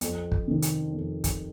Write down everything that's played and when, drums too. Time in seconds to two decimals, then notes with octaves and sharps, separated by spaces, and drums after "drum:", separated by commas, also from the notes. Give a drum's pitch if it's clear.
0.01 F2, drum: hi-hat
0.32 drum: kick
0.48 C3 D#3
0.62 drum: hi-hat
0.93 F2
1.24 drum: kick, hi-hat